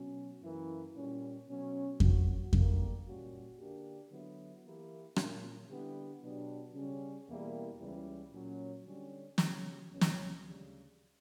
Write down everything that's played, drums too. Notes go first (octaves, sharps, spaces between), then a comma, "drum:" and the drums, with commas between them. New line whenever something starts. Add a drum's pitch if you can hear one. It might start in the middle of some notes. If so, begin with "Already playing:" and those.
Already playing: B2 F#3 C#4
F#2 E3 A#3 E4
A#2 G3 C#4
B2 F#3 C#4
A#2 F#3 C#4 F#4, drum: kick F2
D2 D3 G3 A#3, drum: kick F2
A#2 G3 C#4 F#4
D3 A#3 D4 G4
D3 F#3 B3 E4
E3 A#3 E4 G4 A#4
A#2 A#3 C#4, drum: rim click
D3 G3 B3 E4 G4
B2 F#3 B3 D4 G4
C#3 G3 C#4
E2 B2 G3 A#3 E4
C#2 C#3 E3 G3
A#2 F#3 C#4
D3 G3 C#4
C#3 F#3 C#4 G4, drum: snare
C#2 B2 F#3 C#4
drum: snare
D2 C#3 G3